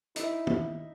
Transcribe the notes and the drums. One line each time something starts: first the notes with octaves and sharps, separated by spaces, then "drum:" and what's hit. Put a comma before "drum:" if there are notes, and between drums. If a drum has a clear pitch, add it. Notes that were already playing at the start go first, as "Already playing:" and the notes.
D#4 E4 E5, drum: hi-hat
drum: tom